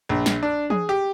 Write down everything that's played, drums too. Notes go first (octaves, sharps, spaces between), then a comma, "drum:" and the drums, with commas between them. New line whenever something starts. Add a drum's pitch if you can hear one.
A#1
drum: snare
D4
G#4, drum: tom
G4